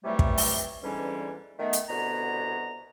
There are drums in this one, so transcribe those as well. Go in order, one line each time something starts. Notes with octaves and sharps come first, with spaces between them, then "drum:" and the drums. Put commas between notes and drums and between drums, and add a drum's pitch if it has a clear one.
C#2 C3 E3 F#3 G3 A3
drum: kick
drum: open hi-hat
E2 G#2 D3 E3 G3 C#4
D#3 A3 B3
drum: hi-hat
C2 B2 D3 B3 A#5